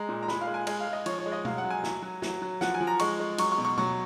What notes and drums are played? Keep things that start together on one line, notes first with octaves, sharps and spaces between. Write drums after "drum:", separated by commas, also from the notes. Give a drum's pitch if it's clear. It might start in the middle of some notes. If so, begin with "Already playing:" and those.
Already playing: G#3 A#5
A#2
A#5
G#3 B5, drum: snare
F5
G#3
G#5
G#3 G#5, drum: cymbal
F5
G#3
D#5
F3 C#5, drum: cymbal
C#5
G#3
D#5
F#3 F5, drum: tom B2
F#5
F#3
G#5
F#3, drum: snare
F#3
F#3, drum: snare
F#3
F3 F#5, drum: snare
G#5
F3
A#5
G#3 C#6, drum: cymbal
G#3
F#3 C#6, drum: cymbal
C#6
B2
C#6
F#3 C#6, drum: tom B2